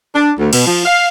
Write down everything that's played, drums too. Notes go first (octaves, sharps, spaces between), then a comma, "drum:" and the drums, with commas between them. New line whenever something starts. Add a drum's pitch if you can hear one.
D4
D2
B2, drum: cymbal
F3
F5